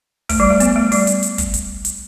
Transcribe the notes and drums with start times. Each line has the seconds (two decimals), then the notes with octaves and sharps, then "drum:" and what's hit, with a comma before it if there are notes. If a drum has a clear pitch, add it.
0.29 A3, drum: kick, open hi-hat
0.40 G3
0.50 A3
0.60 B3, drum: hi-hat
0.76 A3
0.92 G3, drum: open hi-hat
1.07 drum: hi-hat
1.23 drum: hi-hat
1.38 drum: kick, hi-hat
1.54 drum: hi-hat
1.85 drum: hi-hat